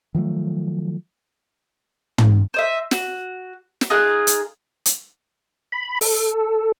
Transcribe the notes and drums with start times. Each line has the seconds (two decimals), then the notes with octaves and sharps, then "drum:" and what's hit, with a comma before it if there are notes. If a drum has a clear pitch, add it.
0.15 D#3 F3 F#3 A3
2.18 drum: tom
2.54 C5 D#5 E5
2.91 F#4, drum: snare
3.81 drum: snare
3.90 D#4 F4 G#4 F#6
4.27 drum: hi-hat
4.86 drum: hi-hat
5.72 B5
6.01 A4, drum: open hi-hat